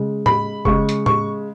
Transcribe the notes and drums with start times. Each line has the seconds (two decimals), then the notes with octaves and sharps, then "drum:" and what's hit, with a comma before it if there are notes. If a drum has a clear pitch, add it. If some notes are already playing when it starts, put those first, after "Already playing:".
Already playing: C#3 G#3
0.26 B5, drum: tom A2
0.65 C#3 G#3 C#6, drum: kick F1
0.89 drum: hi-hat
1.06 C#6, drum: tom A2